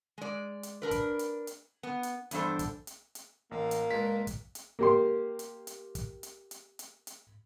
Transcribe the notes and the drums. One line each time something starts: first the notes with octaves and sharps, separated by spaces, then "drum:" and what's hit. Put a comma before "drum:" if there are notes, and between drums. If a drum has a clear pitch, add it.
G#3 D5
drum: hi-hat
D4 A#4 B4
drum: kick, hi-hat
drum: hi-hat
drum: hi-hat
B3
drum: hi-hat
E2 G2 D4 A4 C5, drum: hi-hat
drum: kick, hi-hat
drum: hi-hat
drum: hi-hat
A1 A#3
drum: hi-hat
C#2 A#2 D4 B6
drum: kick, hi-hat
drum: hi-hat
A#3 G4 C6
drum: hi-hat
drum: hi-hat
drum: kick, hi-hat
drum: hi-hat
drum: hi-hat
drum: hi-hat
drum: hi-hat